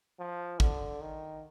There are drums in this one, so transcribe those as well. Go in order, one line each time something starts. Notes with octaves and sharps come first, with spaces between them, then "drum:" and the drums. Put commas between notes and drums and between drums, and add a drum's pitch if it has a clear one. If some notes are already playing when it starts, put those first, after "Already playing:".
F3
D3, drum: kick
D#3